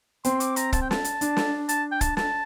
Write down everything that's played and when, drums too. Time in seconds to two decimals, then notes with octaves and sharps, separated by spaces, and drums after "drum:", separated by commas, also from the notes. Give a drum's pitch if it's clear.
0.24 C4 C6, drum: hi-hat
0.40 D6, drum: hi-hat
0.56 A#5, drum: hi-hat
0.73 A5, drum: kick, hi-hat
0.82 G5
0.91 A5, drum: snare
1.04 drum: hi-hat
1.21 D4, drum: hi-hat
1.37 drum: snare
1.69 A5, drum: hi-hat
1.92 G5
2.01 A5, drum: kick, hi-hat
2.17 A5, drum: snare